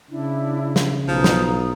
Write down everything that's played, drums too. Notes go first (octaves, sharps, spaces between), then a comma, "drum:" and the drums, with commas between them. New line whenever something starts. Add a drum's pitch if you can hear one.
C#3 D4 E4
drum: snare
B1 F3 A#5 D#6
drum: snare